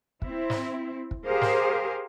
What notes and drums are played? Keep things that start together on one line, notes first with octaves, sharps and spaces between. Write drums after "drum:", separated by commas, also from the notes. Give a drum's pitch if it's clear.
C4 E4, drum: kick
drum: snare
drum: kick
G4 G#4 A#4 C5 F5
drum: snare